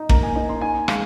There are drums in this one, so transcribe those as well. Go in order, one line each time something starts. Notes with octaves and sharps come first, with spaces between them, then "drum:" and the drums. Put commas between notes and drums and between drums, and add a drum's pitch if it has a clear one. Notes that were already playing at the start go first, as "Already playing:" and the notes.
Already playing: D#4
A#3 A#5, drum: kick
G#5
D#4 A#5
C6
D#4 G#5
G#3 F5, drum: rim click